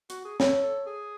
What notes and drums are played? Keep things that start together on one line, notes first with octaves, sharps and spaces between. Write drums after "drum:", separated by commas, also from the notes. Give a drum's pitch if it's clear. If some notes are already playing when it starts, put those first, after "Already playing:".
F#4, drum: hi-hat
G#4
A4 C#5, drum: snare
A4
G#4